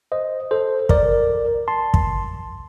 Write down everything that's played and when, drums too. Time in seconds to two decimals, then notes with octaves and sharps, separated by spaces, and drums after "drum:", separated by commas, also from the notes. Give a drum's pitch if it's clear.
0.12 C5 D#5
0.51 A4 C5
0.89 A#4 D5, drum: kick
1.68 A5 C6
1.94 drum: kick